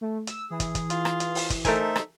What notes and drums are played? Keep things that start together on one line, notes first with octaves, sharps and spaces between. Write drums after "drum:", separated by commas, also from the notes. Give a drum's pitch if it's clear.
A3
E6, drum: hi-hat
E3 G#4
drum: kick, hi-hat
drum: kick, hi-hat
F4, drum: hi-hat
drum: rim click
drum: hi-hat
drum: open hi-hat
drum: kick, hi-hat
A3 D#4 A4 A#4 C5 E5 G#5, drum: kick, hi-hat
drum: rim click